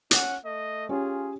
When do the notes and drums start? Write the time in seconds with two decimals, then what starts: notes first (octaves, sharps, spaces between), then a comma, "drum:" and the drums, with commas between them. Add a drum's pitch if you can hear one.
0.11 C#4 F#5, drum: hi-hat
0.44 A3 D#5
0.89 C#4 F4 G4 G#4 C#5